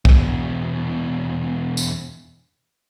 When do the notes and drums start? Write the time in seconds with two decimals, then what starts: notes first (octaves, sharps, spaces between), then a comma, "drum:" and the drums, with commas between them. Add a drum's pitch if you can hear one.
0.05 E2 B2, drum: kick
1.77 drum: tambourine